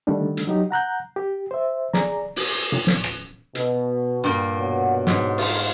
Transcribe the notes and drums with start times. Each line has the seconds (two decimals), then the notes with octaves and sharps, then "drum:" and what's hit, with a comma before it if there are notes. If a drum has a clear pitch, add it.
0.07 D3 D#3 G3 A3 D4
0.37 drum: hi-hat
0.47 F#3 D#4 G4
0.71 F#5 A#5 F#6 G6
1.16 G4
1.51 C5 E5
1.94 G#4 D5 A#5, drum: snare
2.36 drum: open hi-hat
2.72 drum: tom A#2
2.87 drum: snare
3.04 drum: rim click
3.55 B2, drum: hi-hat
4.24 G2 A#2
4.59 B2 C#5 F#5
5.07 G#2, drum: snare
5.38 F4, drum: cymbal